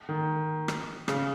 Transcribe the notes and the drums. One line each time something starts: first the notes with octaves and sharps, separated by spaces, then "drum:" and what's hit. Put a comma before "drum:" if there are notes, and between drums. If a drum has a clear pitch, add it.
D#3
drum: rim click
C#3, drum: rim click